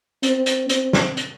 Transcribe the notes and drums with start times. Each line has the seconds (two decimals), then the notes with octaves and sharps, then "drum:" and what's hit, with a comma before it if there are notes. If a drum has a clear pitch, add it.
0.23 C4, drum: hi-hat
0.46 drum: hi-hat
0.69 C4, drum: hi-hat
0.93 drum: snare
1.17 drum: hi-hat